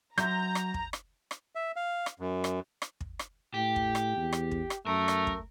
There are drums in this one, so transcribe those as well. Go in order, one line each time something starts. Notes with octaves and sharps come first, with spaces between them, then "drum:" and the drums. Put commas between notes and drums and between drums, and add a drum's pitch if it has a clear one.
F#3 E5 A#5 G6, drum: rim click
drum: rim click
drum: kick
drum: rim click
drum: rim click
E5
F5
drum: rim click
F#2
drum: rim click
drum: rim click
drum: kick
drum: rim click
A2 G4
drum: kick
drum: rim click
E2
drum: rim click
drum: kick
drum: rim click
F#2 A3 A#4
drum: rim click
drum: kick